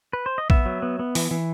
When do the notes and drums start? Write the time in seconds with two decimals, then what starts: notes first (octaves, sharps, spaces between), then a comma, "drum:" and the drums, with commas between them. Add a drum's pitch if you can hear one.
0.13 B4
0.26 C5
0.38 D#5
0.50 B3 E5, drum: kick
0.66 F#3
0.82 B3
0.99 B3
1.15 E3, drum: open hi-hat
1.31 E3